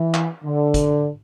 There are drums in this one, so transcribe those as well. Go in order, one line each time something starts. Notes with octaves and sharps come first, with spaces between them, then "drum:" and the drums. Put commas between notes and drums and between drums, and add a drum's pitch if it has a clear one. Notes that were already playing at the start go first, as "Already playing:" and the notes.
Already playing: E3
drum: clap
D3
drum: kick, hi-hat